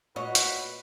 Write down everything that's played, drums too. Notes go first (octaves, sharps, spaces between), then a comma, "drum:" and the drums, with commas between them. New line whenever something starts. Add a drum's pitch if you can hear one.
A#2 F#4 B4 C#5 D#5
drum: hi-hat